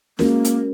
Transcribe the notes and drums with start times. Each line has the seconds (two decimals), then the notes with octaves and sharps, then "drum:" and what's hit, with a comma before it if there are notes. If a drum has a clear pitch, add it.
0.19 G#3 A#3 C#4 F#4 A#4, drum: snare
0.45 drum: hi-hat